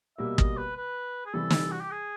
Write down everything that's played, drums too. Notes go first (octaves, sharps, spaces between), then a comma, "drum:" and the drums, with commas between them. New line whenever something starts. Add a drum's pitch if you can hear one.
B2 G3 A#3 E5
D#5, drum: kick
B4
B4
G#4
C3 E3 G3 A4
drum: snare
F#4
G4
G#4